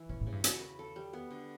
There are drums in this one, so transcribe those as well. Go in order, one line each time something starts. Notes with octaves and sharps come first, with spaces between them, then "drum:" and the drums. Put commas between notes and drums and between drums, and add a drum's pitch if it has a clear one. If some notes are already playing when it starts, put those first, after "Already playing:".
Already playing: E3 E4
B2 C#4
A2
C#3
G2
E2 F#4, drum: hi-hat
B4
A4
G3
B3
D3